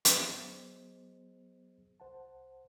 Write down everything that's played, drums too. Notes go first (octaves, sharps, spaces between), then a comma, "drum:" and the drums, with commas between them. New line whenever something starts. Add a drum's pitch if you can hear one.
F#3 B3 G#4 C5 D#5, drum: hi-hat
C2 C5 F#5 A5